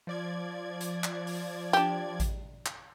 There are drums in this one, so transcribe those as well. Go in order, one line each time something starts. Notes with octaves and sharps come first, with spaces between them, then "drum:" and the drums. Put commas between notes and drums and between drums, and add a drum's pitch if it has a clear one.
F3 D5 G#6
drum: hi-hat
drum: clap
drum: open hi-hat
D4 G4, drum: hi-hat
drum: kick A1, hi-hat
drum: clap